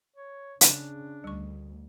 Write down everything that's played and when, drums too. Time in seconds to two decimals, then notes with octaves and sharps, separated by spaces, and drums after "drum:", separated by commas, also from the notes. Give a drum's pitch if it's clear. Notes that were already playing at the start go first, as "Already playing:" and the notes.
0.16 C#5
0.61 C#3 D4, drum: hi-hat
1.24 D2 G3 C#6